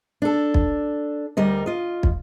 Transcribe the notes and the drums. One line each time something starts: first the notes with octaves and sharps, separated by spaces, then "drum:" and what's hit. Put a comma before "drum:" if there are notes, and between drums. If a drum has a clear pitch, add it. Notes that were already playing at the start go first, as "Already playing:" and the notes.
D4 A4
drum: kick
D2 G3 A#4 D#5
F4 D#5
drum: kick